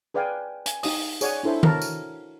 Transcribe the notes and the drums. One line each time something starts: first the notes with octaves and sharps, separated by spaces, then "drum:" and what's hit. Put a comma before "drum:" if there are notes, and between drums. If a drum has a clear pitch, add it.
G#4 B4 D5 F5 G5 G#5
G#5, drum: hi-hat
D#4 G4 D#6, drum: open hi-hat
G#4 C#5 D5 F#5 G#5, drum: tambourine
D4 E4 A4 C5 E5
F#4 A#4 C#5 A5, drum: tom D#3
drum: tambourine